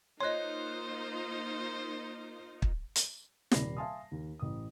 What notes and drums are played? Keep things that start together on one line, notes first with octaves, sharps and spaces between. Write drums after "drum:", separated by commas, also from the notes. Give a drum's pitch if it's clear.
A#3 D#4 F4 C5 C#5 D#5 C6 F#6
drum: kick
drum: hi-hat
D#1 C3 D5 B5 A#6 C7, drum: snare
E5 F5 G#5 A5 C6 D#6
D#2
A1 D#6